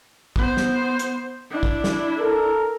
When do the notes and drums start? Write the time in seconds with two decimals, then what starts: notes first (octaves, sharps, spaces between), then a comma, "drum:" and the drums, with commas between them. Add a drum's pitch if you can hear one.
0.36 B3 C5, drum: kick
0.57 drum: snare
0.99 drum: hi-hat
1.51 D4 E4
1.63 drum: kick
1.84 drum: snare
2.18 A4 A#4